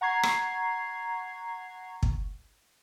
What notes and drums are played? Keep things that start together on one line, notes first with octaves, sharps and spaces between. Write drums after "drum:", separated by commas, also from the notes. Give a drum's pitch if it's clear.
F#5 A#5 C#6 G#6 C7
drum: rim click
drum: kick